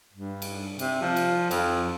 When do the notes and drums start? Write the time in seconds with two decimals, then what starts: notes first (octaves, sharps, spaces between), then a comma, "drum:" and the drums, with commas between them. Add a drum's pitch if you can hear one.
0.13 G2
0.42 drum: cymbal
0.79 C3, drum: cymbal
1.02 F3
1.16 drum: cymbal
1.51 F2, drum: cymbal